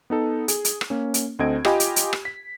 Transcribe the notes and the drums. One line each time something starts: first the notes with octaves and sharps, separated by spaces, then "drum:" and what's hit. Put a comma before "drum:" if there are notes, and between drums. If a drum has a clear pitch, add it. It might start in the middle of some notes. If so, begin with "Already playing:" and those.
B3 D#4 A4
G#4, drum: hi-hat
drum: hi-hat
drum: rim click
A#3 C#4
drum: hi-hat
D2 C4 A4 D#5 G#6 D7
F4 G4 D#5 G5 G#5 B5, drum: rim click
drum: hi-hat
drum: hi-hat
drum: rim click
B6